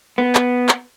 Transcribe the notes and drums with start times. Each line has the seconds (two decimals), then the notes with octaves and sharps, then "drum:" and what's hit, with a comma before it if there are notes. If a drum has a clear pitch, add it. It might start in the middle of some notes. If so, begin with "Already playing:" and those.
0.18 B3
0.35 drum: clap
0.69 drum: clap